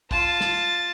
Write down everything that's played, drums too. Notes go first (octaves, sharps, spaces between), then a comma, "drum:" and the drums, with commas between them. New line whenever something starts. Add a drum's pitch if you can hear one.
F4 A5, drum: kick
drum: snare